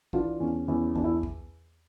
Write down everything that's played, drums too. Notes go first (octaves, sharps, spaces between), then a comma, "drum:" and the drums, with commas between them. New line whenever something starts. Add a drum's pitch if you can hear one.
E3 D4 F4, drum: kick
E2 C#4
E2 C#4 E4
E2 D4, drum: kick
E4
drum: kick